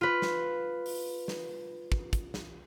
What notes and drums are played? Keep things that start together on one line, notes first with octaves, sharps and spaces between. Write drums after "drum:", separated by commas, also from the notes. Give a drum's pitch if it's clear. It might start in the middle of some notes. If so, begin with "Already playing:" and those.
F4 B4
drum: snare
drum: open hi-hat
drum: snare
drum: kick
drum: kick, hi-hat
drum: snare